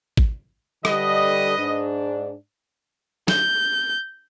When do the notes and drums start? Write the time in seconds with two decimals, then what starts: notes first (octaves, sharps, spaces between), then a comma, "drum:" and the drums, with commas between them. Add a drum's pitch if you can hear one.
0.17 drum: kick
0.85 D3 G3 B4 D#5, drum: rim click
1.58 G#2 D4
3.28 G6, drum: snare